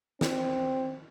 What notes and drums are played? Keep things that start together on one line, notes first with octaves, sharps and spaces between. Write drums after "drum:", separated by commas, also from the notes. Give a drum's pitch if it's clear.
C4, drum: snare